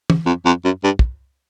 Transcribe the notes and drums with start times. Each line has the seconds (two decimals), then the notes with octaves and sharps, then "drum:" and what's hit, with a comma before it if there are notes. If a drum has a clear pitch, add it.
0.10 drum: tom
0.26 F2
0.46 F2
0.64 F#2
0.84 G2
0.99 drum: kick